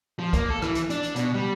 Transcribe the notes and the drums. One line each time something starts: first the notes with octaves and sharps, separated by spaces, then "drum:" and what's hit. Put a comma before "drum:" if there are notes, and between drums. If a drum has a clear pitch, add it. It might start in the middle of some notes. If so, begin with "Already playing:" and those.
F3
A#3, drum: kick, hi-hat
A4
E3, drum: rim click
drum: hi-hat
D4, drum: hi-hat
drum: hi-hat
B2, drum: hi-hat
G3